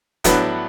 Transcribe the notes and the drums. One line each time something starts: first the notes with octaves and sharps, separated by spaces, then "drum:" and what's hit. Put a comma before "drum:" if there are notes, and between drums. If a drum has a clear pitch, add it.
A2 F#3 B3 D4, drum: kick, hi-hat